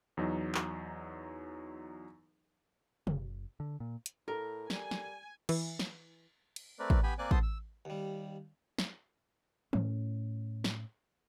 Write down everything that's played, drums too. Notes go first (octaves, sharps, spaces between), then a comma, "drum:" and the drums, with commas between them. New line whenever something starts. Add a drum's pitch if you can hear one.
E2 F#3 D#4
drum: clap
F#1, drum: tom
D3
A#2
drum: hi-hat
A2 A4 A#4
G3 G#5, drum: snare
drum: snare
E3, drum: cymbal
drum: snare
drum: cymbal
A3 C4 A#4 B4 D5
drum: kick A1
B3 G4 G#5 B5
A#3 C4 D5 G#5 D6 F#6
B3 A4 C5 A5 C6 D#6, drum: kick A1
E6
D#2 G3
drum: snare
A2 C#4, drum: tom
drum: snare